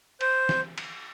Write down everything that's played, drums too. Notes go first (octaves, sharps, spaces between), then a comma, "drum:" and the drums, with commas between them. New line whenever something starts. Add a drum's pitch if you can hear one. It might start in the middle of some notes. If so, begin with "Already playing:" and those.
C5, drum: cymbal
drum: snare
drum: cymbal